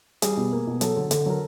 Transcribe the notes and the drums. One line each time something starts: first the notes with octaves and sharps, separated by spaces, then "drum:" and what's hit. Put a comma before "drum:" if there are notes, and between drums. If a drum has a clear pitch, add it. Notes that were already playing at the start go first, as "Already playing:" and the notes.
G3 G#4, drum: hi-hat
B2
A#3
B2
F#3 A4, drum: hi-hat
D3
D3, drum: hi-hat
F#3 A#4